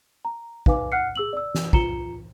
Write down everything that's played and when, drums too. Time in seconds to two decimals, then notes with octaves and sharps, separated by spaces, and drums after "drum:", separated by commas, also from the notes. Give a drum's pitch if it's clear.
0.25 A#5
0.66 D#4 B4 F5 G#5 D6, drum: kick
0.92 F#5 F6 F#6 C7 C#7
1.16 G#4 E6 F#7
1.33 D5 E6
1.55 drum: snare
1.73 F4 A#5 C#7 E7 G7, drum: kick